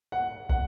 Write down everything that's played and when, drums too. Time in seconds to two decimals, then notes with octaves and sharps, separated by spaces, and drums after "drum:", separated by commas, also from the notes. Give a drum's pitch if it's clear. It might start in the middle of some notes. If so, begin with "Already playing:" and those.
0.12 F#5
0.49 F#5, drum: kick